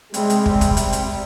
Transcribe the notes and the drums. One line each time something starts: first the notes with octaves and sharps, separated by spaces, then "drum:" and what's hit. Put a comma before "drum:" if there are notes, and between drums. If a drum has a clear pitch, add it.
C3 G3 G#3 C4, drum: hi-hat
drum: hi-hat
C3 G3 C4, drum: kick
drum: kick, hi-hat
C3 G3 C4, drum: hi-hat
drum: hi-hat
C3 G3